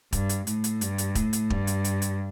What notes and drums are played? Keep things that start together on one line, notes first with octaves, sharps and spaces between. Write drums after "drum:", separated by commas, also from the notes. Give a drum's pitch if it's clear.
G2, drum: kick, hi-hat
drum: hi-hat
A2, drum: hi-hat
drum: hi-hat
G2, drum: hi-hat
drum: hi-hat
A2, drum: kick, hi-hat
drum: hi-hat
G2, drum: kick
drum: hi-hat
drum: hi-hat
drum: hi-hat